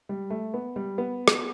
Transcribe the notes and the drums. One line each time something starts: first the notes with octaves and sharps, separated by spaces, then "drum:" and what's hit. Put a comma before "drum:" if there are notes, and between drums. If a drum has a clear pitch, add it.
G3
A3
B3
G3
B3
drum: rim click